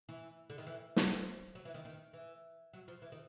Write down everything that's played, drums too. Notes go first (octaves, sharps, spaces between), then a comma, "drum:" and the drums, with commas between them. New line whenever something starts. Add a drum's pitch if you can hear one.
E3
D3
D#3
E3
F3, drum: snare
F#3
E3
D#3
D#3
E3
F#3
F3
E3
D#3